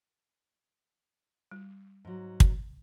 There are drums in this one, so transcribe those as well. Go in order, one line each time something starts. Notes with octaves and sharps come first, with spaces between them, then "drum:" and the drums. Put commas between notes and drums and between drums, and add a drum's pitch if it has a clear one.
G3
G#2 F#3
drum: kick